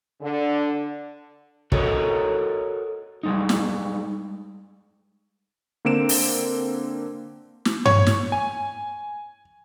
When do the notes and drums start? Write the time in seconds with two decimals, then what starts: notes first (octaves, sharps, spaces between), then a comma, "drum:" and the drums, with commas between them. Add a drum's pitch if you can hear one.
0.21 D3
1.72 F#4 A4 A#4 C#5 D#5, drum: kick
3.23 G3 G#3 D#4
3.49 drum: snare
5.85 D3 A#3 C4 D7 E7
6.09 drum: open hi-hat
7.65 drum: snare
7.85 C#5, drum: tom G2
8.07 drum: snare
8.32 G#5